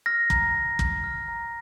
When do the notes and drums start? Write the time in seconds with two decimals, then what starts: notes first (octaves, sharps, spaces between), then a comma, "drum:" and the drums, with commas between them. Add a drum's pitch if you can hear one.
0.06 F6 A#6
0.30 A#5, drum: kick
0.55 A#5
0.79 F6, drum: kick
1.04 F6
1.28 A#5